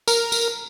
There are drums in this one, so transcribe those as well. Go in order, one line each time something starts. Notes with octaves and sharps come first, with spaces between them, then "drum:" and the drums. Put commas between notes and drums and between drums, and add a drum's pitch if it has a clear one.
A#4, drum: tambourine
drum: tambourine